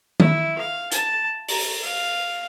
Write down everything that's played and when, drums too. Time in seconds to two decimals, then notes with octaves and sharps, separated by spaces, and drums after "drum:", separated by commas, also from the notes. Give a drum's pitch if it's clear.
0.20 E4, drum: tom D#3
0.58 F5
0.92 A5, drum: hi-hat
1.48 A#5, drum: open hi-hat
1.83 F5